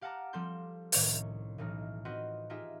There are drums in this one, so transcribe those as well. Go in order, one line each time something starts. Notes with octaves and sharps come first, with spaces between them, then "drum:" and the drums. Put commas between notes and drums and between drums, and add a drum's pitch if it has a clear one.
G4 F5 F#5 A5 A#5 D6
F3 G3 C4 A4 C6 G6
C2 A2 D#3 C#4 C#6, drum: open hi-hat
B1 A2 E3 D#4 F6
C4 F4 F#4 B4 C5 D#5
D#4 F4 G4 G#4 E5